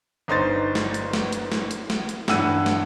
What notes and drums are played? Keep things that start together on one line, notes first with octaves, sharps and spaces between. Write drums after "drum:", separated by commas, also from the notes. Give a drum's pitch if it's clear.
G1 D#4 C5 A6
drum: snare
drum: hi-hat
drum: snare
drum: hi-hat
drum: snare
drum: hi-hat
drum: snare
drum: hi-hat
G2 E3 F#5 E6 D#7, drum: snare
drum: snare